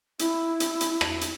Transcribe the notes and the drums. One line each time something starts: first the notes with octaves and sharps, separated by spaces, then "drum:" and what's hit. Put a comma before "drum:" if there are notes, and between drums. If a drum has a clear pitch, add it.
E4, drum: hi-hat
drum: hi-hat
drum: hi-hat
drum: rim click
drum: hi-hat